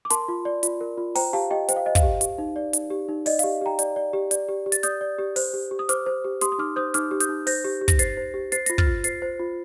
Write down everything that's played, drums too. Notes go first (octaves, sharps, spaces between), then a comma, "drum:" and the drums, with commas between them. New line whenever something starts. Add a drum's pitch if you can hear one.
D6
A#4 A5 C6, drum: hi-hat
F4
D5
F4, drum: hi-hat
A#4
F4
C5 G5 A#5, drum: open hi-hat
G4 F5 A5
G4 D#5 G5
C5 G5, drum: hi-hat
F5
C5 D#5
F5, drum: kick, hi-hat
G4
G4, drum: hi-hat
D#4
D5
D#4, drum: hi-hat
G4
D#4
D5 D#5, drum: open hi-hat
F5, drum: hi-hat
G4
G4 G5 A#5
D5, drum: hi-hat
D5
G4
D5, drum: hi-hat
G4
G4
A6, drum: hi-hat
D5 D#6 G6, drum: hi-hat
D5
G4
C5, drum: open hi-hat
G4
G4
D#6
C5 D6 F6, drum: hi-hat
C5
G4
G4 C6 D#6, drum: hi-hat
D#6
D#4 D6 F6
C5 D#6 G6
D#4 D6 F6, drum: hi-hat
G4
D#6 G6, drum: hi-hat
D#4
C5 G6 A#6, drum: open hi-hat
G4
G4
A#6, drum: kick, hi-hat
C5 A6 C7, drum: hi-hat
C5
G4
C5 A6 C7, drum: hi-hat
F4 A#6, drum: hi-hat
F6 A6, drum: kick
F4
C5 A6 C7, drum: hi-hat
C5
F4